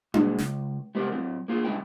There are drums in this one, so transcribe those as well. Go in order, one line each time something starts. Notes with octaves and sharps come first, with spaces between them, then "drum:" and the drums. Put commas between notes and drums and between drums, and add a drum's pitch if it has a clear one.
A#2 F#3 G#3, drum: tom D4
C#2, drum: snare
G3 G#3 B3 C4 G4 A#4
F#3 C4
A#3 F4 G#4
F#2 G#3 C#4 E4 G5